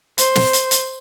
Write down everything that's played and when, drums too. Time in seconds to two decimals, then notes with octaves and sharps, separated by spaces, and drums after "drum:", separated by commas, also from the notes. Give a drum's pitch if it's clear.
0.18 C5, drum: hi-hat
0.35 drum: snare
0.53 drum: hi-hat
0.71 drum: hi-hat